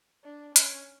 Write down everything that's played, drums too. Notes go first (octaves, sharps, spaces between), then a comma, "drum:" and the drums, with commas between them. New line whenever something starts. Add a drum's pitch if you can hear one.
D4
C#4, drum: hi-hat